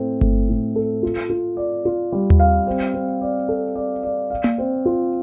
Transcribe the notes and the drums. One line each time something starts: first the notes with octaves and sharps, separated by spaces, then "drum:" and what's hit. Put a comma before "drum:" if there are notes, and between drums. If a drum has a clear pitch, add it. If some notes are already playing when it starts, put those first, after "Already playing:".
Already playing: A2 A3 C4
A3, drum: kick G1
A2
A4
F4
F4
D5
F4
G3
drum: tom D#2
F5
C4
C4
D5
A4
D5
D5
F5
drum: tom A#3
C4
F4